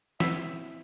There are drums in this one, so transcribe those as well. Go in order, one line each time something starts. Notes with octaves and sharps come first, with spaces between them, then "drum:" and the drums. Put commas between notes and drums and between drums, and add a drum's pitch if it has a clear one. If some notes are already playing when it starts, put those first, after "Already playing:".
C4 E4 E5, drum: snare